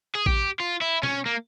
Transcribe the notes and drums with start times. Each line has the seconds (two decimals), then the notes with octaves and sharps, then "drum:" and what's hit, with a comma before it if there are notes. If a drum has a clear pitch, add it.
0.15 G#4
0.26 G4, drum: kick A#1
0.60 F4
0.81 E4
1.03 C#4, drum: tom B2
1.26 A#3